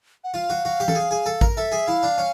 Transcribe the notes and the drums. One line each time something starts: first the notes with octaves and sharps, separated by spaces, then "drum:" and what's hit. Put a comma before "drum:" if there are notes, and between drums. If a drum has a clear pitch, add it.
F#5
F4 F5
F#4
F#4
G4
A4, drum: tom E3
G#4
G#4
A4
A#4, drum: kick A1
A4 E5
G#4
E4 F5
D4
C#4